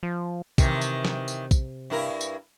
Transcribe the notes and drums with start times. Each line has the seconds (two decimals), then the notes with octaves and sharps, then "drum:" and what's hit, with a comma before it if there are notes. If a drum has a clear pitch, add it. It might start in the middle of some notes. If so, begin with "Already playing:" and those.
0.03 F3
0.58 C3 D#3 E3, drum: kick, tambourine
0.81 drum: tambourine
1.05 drum: snare
1.28 drum: tambourine
1.51 drum: kick, tambourine
1.90 G2 E4 A#4
2.21 drum: tambourine